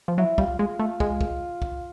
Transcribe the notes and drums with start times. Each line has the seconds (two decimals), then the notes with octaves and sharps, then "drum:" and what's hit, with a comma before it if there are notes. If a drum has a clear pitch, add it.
0.08 F3
0.18 F#3 E4
0.38 G3 F4, drum: kick
0.59 G#3 F4
0.79 A3
1.00 G#3, drum: kick
1.21 drum: kick
1.62 drum: kick